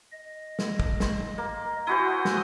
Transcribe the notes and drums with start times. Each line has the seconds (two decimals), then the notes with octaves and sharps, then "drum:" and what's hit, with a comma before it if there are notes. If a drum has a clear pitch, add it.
0.12 D#5
0.59 drum: snare
0.80 drum: kick
1.00 C6, drum: snare
1.38 A#3
1.87 E4 F#4 C5 G#5 C6 D#6
2.25 drum: snare